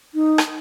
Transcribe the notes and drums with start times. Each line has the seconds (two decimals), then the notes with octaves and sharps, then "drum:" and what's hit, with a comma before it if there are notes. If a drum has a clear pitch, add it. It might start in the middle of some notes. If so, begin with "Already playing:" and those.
0.14 D#4
0.38 drum: rim click